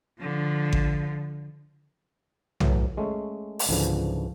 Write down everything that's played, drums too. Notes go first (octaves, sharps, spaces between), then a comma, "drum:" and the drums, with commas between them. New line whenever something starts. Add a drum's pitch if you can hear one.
D3 F3
drum: kick G#1
A2 E3 F#3, drum: tom B1
G#3 A3 C#4
drum: open hi-hat
C#2 G#2 D3 E3 F3